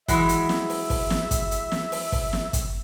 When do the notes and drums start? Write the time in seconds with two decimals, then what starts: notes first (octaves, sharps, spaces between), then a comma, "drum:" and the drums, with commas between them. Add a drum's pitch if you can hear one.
0.08 E3 F#3 G#3 E5, drum: kick, hi-hat
0.29 drum: hi-hat
0.49 drum: snare
0.70 drum: open hi-hat
0.90 drum: kick, open hi-hat
1.10 drum: snare
1.31 drum: kick, hi-hat
1.51 drum: hi-hat
1.72 drum: snare
1.92 drum: open hi-hat
2.12 drum: kick, open hi-hat
2.33 drum: snare
2.53 drum: kick, hi-hat